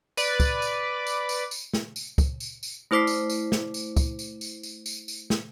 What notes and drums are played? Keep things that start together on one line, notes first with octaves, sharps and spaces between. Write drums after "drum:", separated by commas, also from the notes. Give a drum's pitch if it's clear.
B4 D5, drum: tambourine
drum: kick, tambourine
drum: tambourine
drum: tambourine
drum: tambourine
drum: tambourine
drum: snare
drum: tambourine
drum: kick, tambourine
drum: tambourine
drum: tambourine
A3 E4 C5 D6 B6 C7
drum: tambourine
drum: tambourine
drum: snare
drum: tambourine
drum: kick, tambourine
drum: tambourine
drum: tambourine
drum: tambourine
drum: tambourine
drum: tambourine
drum: snare